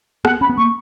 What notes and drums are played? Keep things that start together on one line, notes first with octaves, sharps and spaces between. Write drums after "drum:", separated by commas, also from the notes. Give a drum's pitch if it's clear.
B3 F#5, drum: rim click
C#4 B5
B3
A#3 C#6